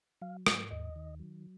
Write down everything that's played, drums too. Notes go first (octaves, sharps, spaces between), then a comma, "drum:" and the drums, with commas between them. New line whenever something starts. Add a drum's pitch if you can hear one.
F#3 F5
G#2, drum: rim click
D#2 D#5
D#3
F#3